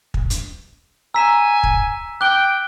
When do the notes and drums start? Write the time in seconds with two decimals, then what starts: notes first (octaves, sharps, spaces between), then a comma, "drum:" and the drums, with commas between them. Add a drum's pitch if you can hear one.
0.14 drum: kick
0.30 drum: hi-hat
1.14 G#5 A#5 E6 B6 E7
1.63 drum: kick
2.21 G5 D6 F#6 G7